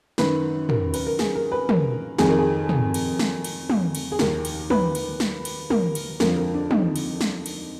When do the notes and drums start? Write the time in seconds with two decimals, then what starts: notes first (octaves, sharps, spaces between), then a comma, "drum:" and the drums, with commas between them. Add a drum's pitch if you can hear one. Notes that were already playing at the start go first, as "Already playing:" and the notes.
0.18 F#2 D#3 B4, drum: snare
0.69 A#4, drum: tom
0.94 B4, drum: cymbal
1.07 A#4
1.19 G#4, drum: snare
1.35 A#4
1.52 B4
1.69 A#4, drum: tom
2.18 F2 D#3 G#4, drum: snare
2.29 A#4
2.38 G#4
2.69 drum: tom
2.94 drum: cymbal
3.19 drum: snare
3.44 drum: cymbal
3.70 drum: tom
3.95 drum: cymbal
4.12 G#4
4.19 D#2 D#3 A#4, drum: snare
4.45 drum: cymbal
4.70 B4, drum: tom
4.95 drum: cymbal
5.20 drum: snare
5.45 drum: cymbal
5.70 A#4, drum: tom
5.95 drum: cymbal
6.20 F2 D3 F3 A#4, drum: snare
6.36 A#4
6.54 D4
6.71 D#4, drum: tom
6.96 drum: cymbal
7.21 drum: snare
7.46 drum: cymbal